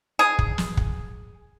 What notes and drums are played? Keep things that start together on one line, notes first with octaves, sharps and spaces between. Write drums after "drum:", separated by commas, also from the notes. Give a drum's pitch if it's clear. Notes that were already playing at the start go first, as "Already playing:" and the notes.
G#4
drum: kick
drum: snare
drum: kick